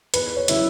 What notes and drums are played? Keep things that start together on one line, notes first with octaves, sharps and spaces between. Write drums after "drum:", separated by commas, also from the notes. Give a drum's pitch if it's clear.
E2 B4, drum: hi-hat
C#5
C#3 F#3 E4, drum: hi-hat